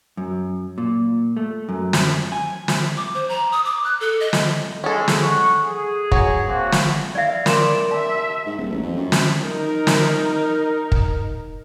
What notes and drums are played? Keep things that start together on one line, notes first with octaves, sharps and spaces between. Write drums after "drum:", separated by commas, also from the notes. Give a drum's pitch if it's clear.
F#2
A#2
A3
F#2
drum: snare
G#5
drum: snare
D6
C5
A#5
D#6
D6
F#6
A4
D#5
drum: snare
G#3 C#4 A4
drum: snare
F#5 C#6
G#4
F#3 C#5, drum: kick
A#3 C4 F#4
drum: snare
E4 D5 E5 F5
A#4 D5 B5 C6 E7, drum: snare
E5 A5
G#2
D#1
A1
F2
F#2
drum: snare
D#4 A#4
drum: snare
drum: kick